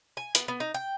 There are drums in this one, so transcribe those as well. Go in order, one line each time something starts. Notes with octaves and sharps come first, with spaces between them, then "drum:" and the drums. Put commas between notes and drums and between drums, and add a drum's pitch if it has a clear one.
G#5
B3, drum: hi-hat
B3
D#4
G5